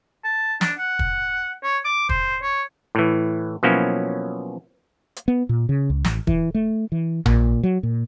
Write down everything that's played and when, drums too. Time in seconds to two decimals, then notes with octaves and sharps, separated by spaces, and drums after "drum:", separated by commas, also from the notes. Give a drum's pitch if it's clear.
0.24 A5
0.61 D4, drum: snare
0.78 F#5
0.99 drum: kick
1.63 C#5
1.85 D6
2.09 C5, drum: kick
2.43 C#5
2.95 A2 E3
3.63 B2 F3 F#3 A#3 C#4 E4
5.16 drum: hi-hat
5.28 B3
5.49 A#2
5.69 C#3
5.90 C#2
6.05 A1, drum: snare
6.27 E3, drum: kick
6.54 A3
6.92 E3
7.26 A#2, drum: tom A#1
7.63 F#3
7.83 A#2